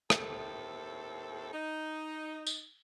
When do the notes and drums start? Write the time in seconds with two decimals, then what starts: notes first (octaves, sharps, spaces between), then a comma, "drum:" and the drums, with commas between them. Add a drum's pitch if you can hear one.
0.10 D#2 A2 C4 A4, drum: rim click
1.53 D#4
2.47 drum: tambourine